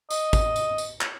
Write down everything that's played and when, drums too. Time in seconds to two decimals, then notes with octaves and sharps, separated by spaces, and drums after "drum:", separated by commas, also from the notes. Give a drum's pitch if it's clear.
0.10 D#5, drum: tambourine
0.33 drum: kick, tambourine
0.56 drum: tambourine
0.78 drum: tambourine
1.01 drum: clap